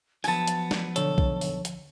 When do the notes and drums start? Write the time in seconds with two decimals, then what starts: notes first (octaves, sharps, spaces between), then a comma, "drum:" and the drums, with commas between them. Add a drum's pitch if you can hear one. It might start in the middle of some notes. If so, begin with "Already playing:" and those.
0.24 F3 F#3 B3 G#5 A5, drum: open hi-hat
0.47 drum: hi-hat
0.71 drum: snare
0.96 B1 D3 A4 C#5, drum: hi-hat
1.18 drum: kick B1
1.41 drum: open hi-hat
1.65 drum: hi-hat